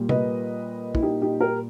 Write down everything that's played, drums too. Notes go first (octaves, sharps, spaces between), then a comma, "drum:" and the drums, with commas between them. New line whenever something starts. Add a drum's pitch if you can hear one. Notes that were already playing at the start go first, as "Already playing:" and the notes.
Already playing: A#2 G3 A#3
B4 D#5, drum: tom C3
E4, drum: kick
D#4 G4
D#4 G4
G4 A#4